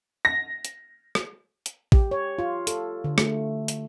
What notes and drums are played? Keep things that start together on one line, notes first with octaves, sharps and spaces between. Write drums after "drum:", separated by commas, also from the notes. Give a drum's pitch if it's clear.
A#6
drum: hi-hat
drum: rim click
drum: hi-hat
G4, drum: kick A1
C#5
F4
A4, drum: hi-hat
D3
A3, drum: rim click
drum: hi-hat